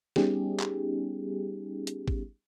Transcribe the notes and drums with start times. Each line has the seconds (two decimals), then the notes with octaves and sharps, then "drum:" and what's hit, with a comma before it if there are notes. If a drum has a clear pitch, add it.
0.16 G3 B3 C#4 D#4 G4 G#4, drum: snare
0.60 drum: clap
1.87 drum: hi-hat
2.08 drum: kick G#1